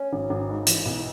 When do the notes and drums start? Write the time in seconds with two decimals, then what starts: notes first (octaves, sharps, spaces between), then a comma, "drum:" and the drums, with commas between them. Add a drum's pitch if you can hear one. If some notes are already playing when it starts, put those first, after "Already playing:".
Already playing: C#4
0.13 G#1
0.30 G#1
0.50 G#2
0.67 E3, drum: hi-hat
0.85 B1